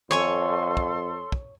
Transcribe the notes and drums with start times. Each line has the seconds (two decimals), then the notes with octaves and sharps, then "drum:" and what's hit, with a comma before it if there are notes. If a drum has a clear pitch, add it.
0.11 F2 A4 C#5 G#5 C6 C#6, drum: tom D#3
0.77 drum: kick
1.32 drum: kick